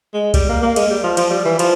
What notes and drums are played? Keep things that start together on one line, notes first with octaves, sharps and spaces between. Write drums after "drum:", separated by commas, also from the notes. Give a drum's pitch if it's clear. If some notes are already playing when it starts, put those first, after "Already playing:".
G#3
G3, drum: kick, cymbal
A#3
A#3
G#3, drum: cymbal
G3
F3
F3, drum: cymbal
G3
E3
F3, drum: cymbal